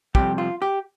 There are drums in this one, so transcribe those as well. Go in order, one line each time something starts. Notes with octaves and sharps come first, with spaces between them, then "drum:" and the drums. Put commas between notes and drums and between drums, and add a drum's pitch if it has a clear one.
F2 C3 G3 G4, drum: kick
F4
G4